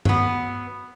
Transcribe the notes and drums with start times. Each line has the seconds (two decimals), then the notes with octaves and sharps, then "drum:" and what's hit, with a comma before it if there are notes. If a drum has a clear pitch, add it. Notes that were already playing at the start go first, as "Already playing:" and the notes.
0.05 F#3 B3, drum: tom G2